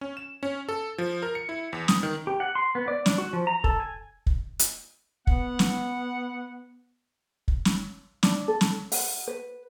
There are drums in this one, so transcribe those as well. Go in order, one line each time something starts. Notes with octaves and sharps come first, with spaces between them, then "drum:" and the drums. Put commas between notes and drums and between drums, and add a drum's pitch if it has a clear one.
C#4
E7
C#4
A4
F3
A#4
C#7
E4
E2
D#6, drum: snare
D#3
G4
F#5
C6
B3
D5
D4, drum: snare
F#4
F3
A#5
A4, drum: kick
G#5
drum: kick
drum: hi-hat
B3 F#5, drum: kick
drum: snare
drum: kick
drum: snare
D4, drum: snare
A4
drum: snare
F#5, drum: open hi-hat
B4